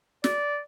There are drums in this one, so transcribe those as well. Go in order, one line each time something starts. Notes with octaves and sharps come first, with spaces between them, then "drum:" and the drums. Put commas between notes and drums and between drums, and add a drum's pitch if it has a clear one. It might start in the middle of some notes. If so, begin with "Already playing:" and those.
D5, drum: snare